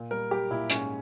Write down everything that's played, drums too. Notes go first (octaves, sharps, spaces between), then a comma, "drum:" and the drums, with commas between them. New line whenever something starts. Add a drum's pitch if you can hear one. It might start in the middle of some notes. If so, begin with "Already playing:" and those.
Already playing: A#2
G3 A#4
G3 G4
A#2 E4
G#2 C#4, drum: hi-hat